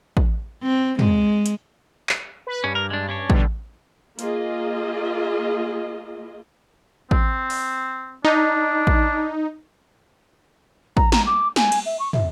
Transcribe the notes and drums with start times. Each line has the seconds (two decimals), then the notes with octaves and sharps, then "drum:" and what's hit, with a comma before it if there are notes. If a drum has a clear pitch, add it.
0.17 drum: kick A1
0.63 C4
0.99 G#3, drum: tom
1.46 drum: hi-hat
2.09 drum: clap
2.47 B4
2.64 G2 C#4
2.75 A#4
2.90 G#3 D4
3.09 C#4 D4 C#5
3.30 B2 D3 G3, drum: kick A1
4.19 A#3 F4 G#4 D#5, drum: hi-hat
7.11 C4, drum: kick A1
7.50 drum: open hi-hat
8.25 D4 D#4
8.87 drum: kick A1
10.97 A#5, drum: kick A1
11.12 A#5, drum: snare
11.26 D6
11.56 G#5, drum: snare
11.72 drum: cymbal
11.86 E5
11.99 C#6
12.13 E5, drum: tom